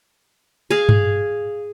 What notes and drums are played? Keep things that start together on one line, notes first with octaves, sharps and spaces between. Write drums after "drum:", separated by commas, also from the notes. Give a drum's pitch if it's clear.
G#4 F5
drum: tom G2